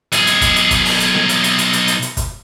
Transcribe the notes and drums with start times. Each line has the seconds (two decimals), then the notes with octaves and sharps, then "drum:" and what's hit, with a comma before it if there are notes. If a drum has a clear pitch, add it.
0.12 B1 G#4, drum: hi-hat
0.27 drum: hi-hat
0.41 drum: kick, hi-hat
0.56 drum: hi-hat
0.71 drum: kick, hi-hat
0.85 drum: open hi-hat
1.00 drum: hi-hat
1.14 drum: snare C4
1.29 drum: hi-hat
1.44 drum: hi-hat
1.58 drum: hi-hat
1.73 drum: hi-hat
1.88 drum: hi-hat
2.02 drum: hi-hat
2.17 drum: kick, hi-hat